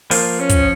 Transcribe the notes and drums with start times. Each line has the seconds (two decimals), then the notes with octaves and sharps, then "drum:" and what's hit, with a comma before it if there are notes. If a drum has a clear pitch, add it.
0.11 F3 A#3, drum: open hi-hat
0.40 C#4
0.49 drum: kick, hi-hat